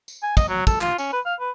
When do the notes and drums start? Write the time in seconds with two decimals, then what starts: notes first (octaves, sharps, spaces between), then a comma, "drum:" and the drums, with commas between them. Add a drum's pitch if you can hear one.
0.08 drum: tambourine
0.23 G#5
0.37 D#5, drum: kick, tambourine
0.49 F#3
0.67 A4, drum: kick, tambourine
0.81 F4, drum: clap
0.98 C#4, drum: tambourine
1.13 B4
1.25 F5
1.40 B4